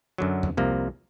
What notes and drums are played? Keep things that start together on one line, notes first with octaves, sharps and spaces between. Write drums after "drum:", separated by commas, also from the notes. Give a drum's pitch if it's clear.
F#2 D3 F#3
drum: tom E2
C2 C3 F3 A#3